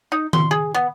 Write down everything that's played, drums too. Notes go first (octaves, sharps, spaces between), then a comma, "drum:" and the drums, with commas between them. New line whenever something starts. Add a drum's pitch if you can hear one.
D#4
C6, drum: tom D#3
G#4
B3